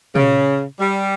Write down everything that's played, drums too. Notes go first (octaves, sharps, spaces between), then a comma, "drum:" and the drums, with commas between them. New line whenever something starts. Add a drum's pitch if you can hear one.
C#3, drum: tom
G3